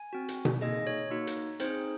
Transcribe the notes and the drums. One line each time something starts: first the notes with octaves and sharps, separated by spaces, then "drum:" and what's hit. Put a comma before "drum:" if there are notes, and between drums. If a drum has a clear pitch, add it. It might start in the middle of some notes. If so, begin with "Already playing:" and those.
Already playing: G#5
C4 F#4
drum: hi-hat
drum: tom B2
A#3 D#4 G#4 D#5
C#5
A#3 D#4 F#4
drum: hi-hat
C4 D#4 G#4 C5, drum: hi-hat